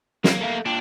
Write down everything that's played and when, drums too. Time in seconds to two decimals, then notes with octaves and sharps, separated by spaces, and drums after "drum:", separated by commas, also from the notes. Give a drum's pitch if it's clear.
0.24 F#3 A#3, drum: snare
0.41 A4 E5 F5
0.66 A#3 D4 F4 G5